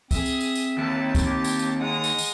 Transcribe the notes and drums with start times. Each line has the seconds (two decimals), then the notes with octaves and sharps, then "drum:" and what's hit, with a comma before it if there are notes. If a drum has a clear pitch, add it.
0.11 C4 G#4 E5 D#6, drum: kick, tambourine
0.26 drum: tambourine
0.41 drum: tambourine
0.55 drum: tambourine
0.78 D#2 A5
1.15 drum: kick, tambourine
1.26 G4
1.44 drum: tambourine
1.59 drum: tambourine
1.80 G#3 F#5 A#5 D#6
2.04 drum: tambourine
2.19 drum: tambourine